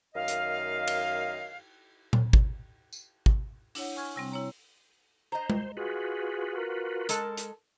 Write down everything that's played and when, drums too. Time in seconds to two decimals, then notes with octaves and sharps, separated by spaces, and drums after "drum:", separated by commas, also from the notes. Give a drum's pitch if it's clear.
0.15 F#2 D#3 D#5 F5
0.28 drum: hi-hat
0.87 drum: cymbal
2.13 drum: tom A#2
2.33 drum: kick G#1
2.93 drum: tambourine
3.26 drum: kick G#1
3.75 D4 E4 C#5 F#5, drum: open hi-hat
3.96 G#5 C#6 F6 G#6
4.16 C3 G3 C4
4.32 E4 C#5 A#5
5.32 C5 D#5 A#5
5.50 drum: tom G#3
5.77 F4 F#4 G#4 B4
6.57 A#4
7.09 G#3 A4 A5, drum: hi-hat
7.37 drum: hi-hat